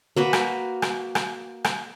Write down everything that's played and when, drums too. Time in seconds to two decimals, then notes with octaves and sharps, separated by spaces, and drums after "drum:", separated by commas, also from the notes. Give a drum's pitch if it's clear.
0.16 A#3 F#4 B4
0.33 drum: rim click
0.82 drum: rim click
1.15 drum: rim click
1.64 drum: rim click